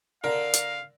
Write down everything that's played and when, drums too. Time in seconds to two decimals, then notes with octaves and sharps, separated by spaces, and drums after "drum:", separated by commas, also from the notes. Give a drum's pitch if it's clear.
0.24 D3 A#4 F5
0.54 drum: hi-hat